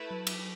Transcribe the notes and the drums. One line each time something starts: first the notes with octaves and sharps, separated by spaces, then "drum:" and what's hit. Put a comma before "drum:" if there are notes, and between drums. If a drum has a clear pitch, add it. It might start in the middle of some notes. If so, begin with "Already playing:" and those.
Already playing: A3 E4 B4
F#3
drum: cymbal